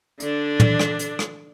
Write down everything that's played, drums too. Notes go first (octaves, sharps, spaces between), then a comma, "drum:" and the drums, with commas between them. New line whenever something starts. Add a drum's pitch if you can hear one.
D3 D4, drum: hi-hat
drum: tom
drum: rim click
drum: hi-hat
drum: rim click